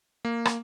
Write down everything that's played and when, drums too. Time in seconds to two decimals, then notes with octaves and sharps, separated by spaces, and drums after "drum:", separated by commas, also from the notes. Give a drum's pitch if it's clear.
0.25 A#3
0.45 drum: rim click